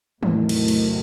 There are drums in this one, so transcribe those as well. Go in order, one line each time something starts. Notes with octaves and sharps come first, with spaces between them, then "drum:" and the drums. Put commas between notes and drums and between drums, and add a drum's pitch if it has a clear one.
E2 A2 C3 D#3 F#3 A3, drum: tom
drum: cymbal
drum: cymbal